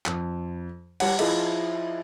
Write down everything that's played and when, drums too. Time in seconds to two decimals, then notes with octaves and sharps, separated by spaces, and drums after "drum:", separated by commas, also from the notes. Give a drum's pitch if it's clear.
0.06 F2, drum: clap
1.00 G3 C#5 F#5, drum: cymbal
1.19 F3 E4 F4 G#4 D#5 E5, drum: cymbal